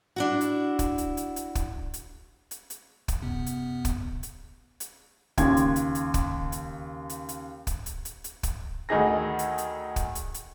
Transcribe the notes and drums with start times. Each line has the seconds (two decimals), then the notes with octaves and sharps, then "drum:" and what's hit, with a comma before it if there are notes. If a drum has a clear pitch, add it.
0.16 D4 E4 F#4
0.41 drum: hi-hat
0.79 drum: kick, hi-hat
0.98 drum: hi-hat
1.17 drum: hi-hat
1.36 drum: hi-hat
1.55 drum: kick, hi-hat
1.94 drum: hi-hat
2.51 drum: hi-hat
2.70 drum: hi-hat
3.08 drum: kick, hi-hat
3.22 F#2 C3 B3
3.46 drum: hi-hat
3.85 drum: kick, hi-hat
4.23 drum: hi-hat
4.80 drum: hi-hat
5.38 D#2 C#3 C6 G#6, drum: kick, hi-hat
5.57 drum: hi-hat
5.76 drum: hi-hat
5.95 drum: hi-hat
6.14 drum: kick, hi-hat
6.52 drum: hi-hat
7.10 drum: hi-hat
7.29 drum: hi-hat
7.67 drum: kick, hi-hat
7.86 drum: hi-hat
8.05 drum: hi-hat
8.24 drum: hi-hat
8.43 drum: kick, hi-hat
8.89 D2 D#3 D#4 G#4 A#6
9.39 drum: hi-hat
9.58 drum: hi-hat
9.96 drum: kick, hi-hat
10.15 drum: hi-hat
10.34 drum: hi-hat